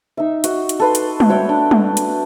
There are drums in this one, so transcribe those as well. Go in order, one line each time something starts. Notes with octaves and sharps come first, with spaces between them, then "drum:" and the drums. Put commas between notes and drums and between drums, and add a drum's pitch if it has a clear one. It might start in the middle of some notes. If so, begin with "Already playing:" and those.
D#4 E5
F#4 D#5, drum: hi-hat
drum: hi-hat
A4 B4 C6
drum: hi-hat
drum: tom G3
F#4 C#5 E5 G5
D4
drum: tom G3
drum: hi-hat